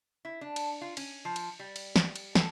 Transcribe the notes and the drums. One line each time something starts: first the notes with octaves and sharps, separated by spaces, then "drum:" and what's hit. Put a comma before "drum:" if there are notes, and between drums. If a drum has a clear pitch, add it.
E4
D4
drum: cymbal
F4
C#4, drum: cymbal
F3
drum: cymbal
G3
drum: cymbal
drum: snare
drum: cymbal
A4, drum: snare